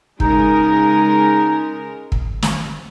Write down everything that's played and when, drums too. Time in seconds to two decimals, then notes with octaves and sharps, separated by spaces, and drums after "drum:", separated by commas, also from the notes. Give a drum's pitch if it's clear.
0.20 C#3 G#3 D#4 A#4, drum: kick
2.12 drum: kick
2.42 drum: snare